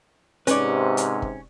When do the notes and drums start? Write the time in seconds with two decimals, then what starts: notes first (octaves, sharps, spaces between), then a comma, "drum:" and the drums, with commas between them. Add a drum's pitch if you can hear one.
0.47 G#2 C3 C#4 B4 D5, drum: hi-hat
0.97 drum: hi-hat
1.22 drum: kick